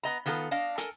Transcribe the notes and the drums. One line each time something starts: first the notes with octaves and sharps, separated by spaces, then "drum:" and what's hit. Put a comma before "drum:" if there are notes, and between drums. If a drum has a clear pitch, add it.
B3 D#5 A#5
D#3 B3 F4 G#4 A4
D4 D#5 F5
A4 A#4 G#5, drum: hi-hat